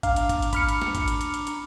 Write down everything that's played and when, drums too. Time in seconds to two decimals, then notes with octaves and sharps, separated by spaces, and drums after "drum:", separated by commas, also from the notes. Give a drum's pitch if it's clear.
0.03 D4 F5 A#5 D6, drum: kick, hi-hat
0.16 drum: hi-hat
0.29 drum: kick, hi-hat
0.42 drum: hi-hat
0.53 B5 F6 C#7, drum: kick, hi-hat
0.69 drum: hi-hat
0.82 drum: snare
0.95 drum: kick, hi-hat
1.08 drum: hi-hat
1.21 drum: hi-hat
1.34 drum: hi-hat
1.47 drum: hi-hat